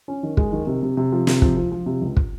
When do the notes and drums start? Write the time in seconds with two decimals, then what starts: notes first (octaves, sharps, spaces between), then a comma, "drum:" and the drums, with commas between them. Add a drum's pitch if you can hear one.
0.08 C#4
0.23 D#3
0.37 G#3, drum: kick
0.52 D#3
0.67 C3
0.83 C3
0.97 C3
1.12 F3
1.27 C3, drum: snare
1.42 F3, drum: kick
1.57 F3
1.72 F3
1.86 C3
2.02 C#2
2.17 drum: kick